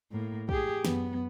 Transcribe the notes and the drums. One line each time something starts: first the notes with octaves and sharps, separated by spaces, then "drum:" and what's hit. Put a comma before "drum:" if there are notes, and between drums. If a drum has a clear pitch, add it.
A2 A#3
G4 G#4, drum: kick
F#2 B3, drum: snare